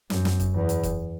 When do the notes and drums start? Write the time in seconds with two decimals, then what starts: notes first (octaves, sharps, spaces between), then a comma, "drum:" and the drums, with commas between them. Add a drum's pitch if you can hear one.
0.10 F#2, drum: snare
0.25 drum: snare
0.40 drum: kick, hi-hat
0.54 E2
0.69 drum: hi-hat
0.83 drum: kick, hi-hat